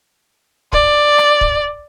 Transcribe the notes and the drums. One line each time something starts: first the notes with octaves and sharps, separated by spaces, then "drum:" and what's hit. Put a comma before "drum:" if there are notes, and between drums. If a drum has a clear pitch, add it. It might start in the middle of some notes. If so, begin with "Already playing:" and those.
D5, drum: kick
drum: rim click
drum: kick